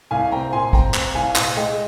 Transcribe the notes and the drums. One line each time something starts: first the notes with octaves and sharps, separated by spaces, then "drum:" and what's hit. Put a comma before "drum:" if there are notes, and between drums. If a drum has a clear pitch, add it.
C2 F5 G#5
C4 G5 A#5
A#2 G#5 C6
C4 G5 A#5, drum: kick
C4, drum: clap
C2 F5 G#5
A#2, drum: clap
G#3 D#5 G5